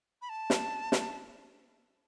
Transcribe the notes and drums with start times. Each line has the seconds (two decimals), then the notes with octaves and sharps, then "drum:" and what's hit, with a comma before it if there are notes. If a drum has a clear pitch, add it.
0.22 B5
0.29 A5
0.50 drum: snare
0.92 drum: snare